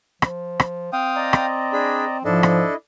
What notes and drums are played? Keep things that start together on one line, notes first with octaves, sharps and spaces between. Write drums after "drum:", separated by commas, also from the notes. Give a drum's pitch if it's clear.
F3, drum: rim click
drum: rim click
C4 F5 G5 D#6
D5 D#5 A#5
drum: rim click
D4 G#4 B5
G#2 F3 D4 E4 A4 D#5
drum: rim click